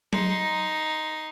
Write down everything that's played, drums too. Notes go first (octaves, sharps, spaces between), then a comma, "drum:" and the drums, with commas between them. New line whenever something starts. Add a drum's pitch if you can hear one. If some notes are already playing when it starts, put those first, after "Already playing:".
D#4 C6, drum: tom F#3